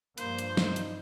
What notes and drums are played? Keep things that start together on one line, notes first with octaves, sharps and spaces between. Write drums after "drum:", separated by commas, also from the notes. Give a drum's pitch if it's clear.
G2 F3 A#3 C5, drum: hi-hat
drum: hi-hat
D#4, drum: snare
drum: hi-hat